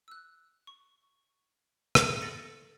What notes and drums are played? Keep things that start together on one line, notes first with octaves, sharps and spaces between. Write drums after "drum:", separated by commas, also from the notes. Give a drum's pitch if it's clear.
E6 F#6
C#6
drum: rim click
A4 A6 A#6 C#7